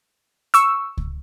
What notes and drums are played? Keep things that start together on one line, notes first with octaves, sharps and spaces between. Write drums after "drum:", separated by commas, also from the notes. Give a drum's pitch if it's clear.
C#6 E6, drum: hi-hat
drum: kick C#2